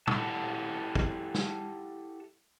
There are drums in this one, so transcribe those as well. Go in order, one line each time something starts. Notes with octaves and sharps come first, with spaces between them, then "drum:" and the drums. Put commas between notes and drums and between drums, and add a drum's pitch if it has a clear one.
E4 G4 A4 F#5 A5, drum: tom
drum: kick
drum: snare